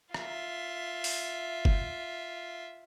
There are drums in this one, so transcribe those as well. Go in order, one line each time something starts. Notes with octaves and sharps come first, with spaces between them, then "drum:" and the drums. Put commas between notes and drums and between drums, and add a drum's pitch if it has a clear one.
F4 E5, drum: rim click
drum: open hi-hat
drum: kick G1